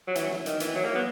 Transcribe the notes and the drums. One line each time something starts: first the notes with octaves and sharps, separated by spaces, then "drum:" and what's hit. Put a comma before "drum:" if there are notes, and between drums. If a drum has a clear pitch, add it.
F#3
E3, drum: hi-hat
drum: snare
D#3, drum: hi-hat
E3, drum: hi-hat
F#3
A#3
B3